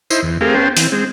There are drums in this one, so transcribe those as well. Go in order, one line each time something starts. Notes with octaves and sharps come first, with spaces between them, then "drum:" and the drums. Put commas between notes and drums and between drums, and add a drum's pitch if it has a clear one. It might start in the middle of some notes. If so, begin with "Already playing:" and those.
D#4 E4 C5, drum: tambourine
E2
A3 C4 G4 G#4 A#4 F5
B3 C#4 C5 G5 A5
E3 C4, drum: open hi-hat
G#3 C4